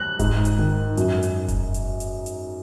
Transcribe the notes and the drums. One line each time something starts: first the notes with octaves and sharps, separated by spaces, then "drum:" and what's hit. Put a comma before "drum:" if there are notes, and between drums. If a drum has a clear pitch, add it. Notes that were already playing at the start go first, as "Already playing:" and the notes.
Already playing: F#6
G#2, drum: kick F1, hi-hat
drum: hi-hat
D#3
F#2, drum: hi-hat
drum: hi-hat
drum: kick F1, hi-hat
drum: hi-hat
drum: hi-hat
drum: hi-hat